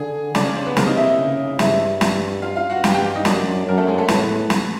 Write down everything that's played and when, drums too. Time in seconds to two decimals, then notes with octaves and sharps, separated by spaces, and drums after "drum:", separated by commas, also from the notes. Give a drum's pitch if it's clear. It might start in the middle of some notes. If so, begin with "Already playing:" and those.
Already playing: D3 G#4 G#5
0.35 C#3 D4 D5, drum: snare
0.45 C#4 C#5
0.55 C4 C5
0.66 B3 B4
0.77 C3 A#3 A#4, drum: snare
0.86 D#4 D#5
0.97 E4 E5
1.19 C#3
1.59 G2 E4 E5, drum: snare
2.01 drum: snare
2.42 F4 F5
2.56 F4 F5
2.70 F#4 F#5
2.84 G2 G4 G5, drum: snare
2.94 G4 G5
3.04 G4 G5
3.15 D#4 D#5
3.25 F#2 D4 D5, drum: snare
3.67 F#2 A#4
3.77 A3 A4
3.87 G#3 G#4
3.98 A3 A4
4.08 A2 B3 B4, drum: snare
4.50 drum: snare